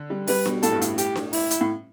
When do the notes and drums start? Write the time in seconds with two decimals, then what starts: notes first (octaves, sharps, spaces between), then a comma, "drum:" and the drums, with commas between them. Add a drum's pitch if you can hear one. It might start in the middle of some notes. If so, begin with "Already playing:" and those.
Already playing: D3
0.10 G3
0.28 G3 B4, drum: open hi-hat
0.46 B2, drum: snare D4
0.63 A2 A4, drum: hi-hat
0.72 G2
0.82 A2, drum: hi-hat
0.98 G4, drum: hi-hat
1.16 drum: snare D4
1.33 E4, drum: open hi-hat
1.51 drum: hi-hat
1.61 A2